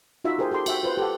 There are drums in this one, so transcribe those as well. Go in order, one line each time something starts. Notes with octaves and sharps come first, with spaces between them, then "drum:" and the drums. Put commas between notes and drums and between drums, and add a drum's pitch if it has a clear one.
D#4 F4 F#4 E5
G4 G#4 A#4 C5 G5
G4 A4 G5 C6
F#4 E5 G5, drum: cymbal
F4 B4 C5
G4 A4 F#5